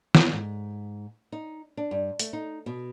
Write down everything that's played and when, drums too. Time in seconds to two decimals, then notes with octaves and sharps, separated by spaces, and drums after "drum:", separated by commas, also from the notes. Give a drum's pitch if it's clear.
0.15 F2, drum: snare
0.32 G#2
1.32 D#4
1.77 D4
1.91 G2
2.19 A3, drum: hi-hat
2.33 D#4
2.66 B2